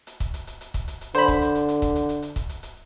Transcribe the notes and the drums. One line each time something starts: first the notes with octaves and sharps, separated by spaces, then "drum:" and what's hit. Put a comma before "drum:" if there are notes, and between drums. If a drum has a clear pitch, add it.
drum: hi-hat
drum: kick C#1, hi-hat
drum: hi-hat
drum: hi-hat
drum: hi-hat
drum: kick C#1, hi-hat
drum: hi-hat
drum: hi-hat
D3 C5 B5, drum: hi-hat
drum: kick C#1, hi-hat
drum: hi-hat
drum: hi-hat
drum: hi-hat
drum: kick C#1, hi-hat
drum: hi-hat
drum: hi-hat
drum: hi-hat
drum: kick C#1, hi-hat
drum: hi-hat
drum: hi-hat